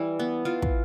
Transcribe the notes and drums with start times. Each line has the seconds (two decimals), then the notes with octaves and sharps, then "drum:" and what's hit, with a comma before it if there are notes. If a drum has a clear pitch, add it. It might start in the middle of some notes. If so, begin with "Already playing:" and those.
Already playing: E3 G3 E4
0.19 B3
0.45 E3 F4
0.62 drum: kick